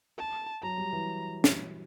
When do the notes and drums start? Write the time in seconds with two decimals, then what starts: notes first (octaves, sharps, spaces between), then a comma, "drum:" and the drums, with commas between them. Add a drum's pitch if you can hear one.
0.18 A5
0.63 F#3 A#5
0.78 G3
0.93 E3
1.44 drum: snare